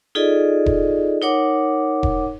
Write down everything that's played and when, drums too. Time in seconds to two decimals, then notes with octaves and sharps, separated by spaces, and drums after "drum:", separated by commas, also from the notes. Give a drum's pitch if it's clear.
0.15 D#4 F4 G#4 A4 D5 D#5
0.66 drum: kick E1
1.22 D#4 A#4 C#5 F#5 D6
2.03 drum: kick E1